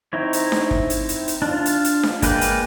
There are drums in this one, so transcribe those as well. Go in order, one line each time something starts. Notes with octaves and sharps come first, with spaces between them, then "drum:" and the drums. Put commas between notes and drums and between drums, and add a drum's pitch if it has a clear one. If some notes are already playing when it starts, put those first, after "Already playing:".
C4 D#4 E4 C#5
drum: hi-hat
drum: snare D4
drum: kick
drum: hi-hat
drum: hi-hat
drum: hi-hat
D4 F4
drum: hi-hat
drum: hi-hat
drum: snare D4
G#3 A#3 B4 D5 G5, drum: kick, hi-hat
drum: hi-hat